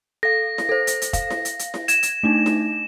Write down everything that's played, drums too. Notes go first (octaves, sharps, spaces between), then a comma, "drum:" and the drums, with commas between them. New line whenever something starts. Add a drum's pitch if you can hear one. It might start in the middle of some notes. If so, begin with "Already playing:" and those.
A4 F5 A#6
drum: snare E4
A4 C5
drum: hi-hat
drum: hi-hat
F5, drum: kick, hi-hat
drum: snare E4
drum: hi-hat
drum: hi-hat
drum: snare E4
G#6 E7, drum: hi-hat
drum: hi-hat
A3 D4 D#4
drum: snare E4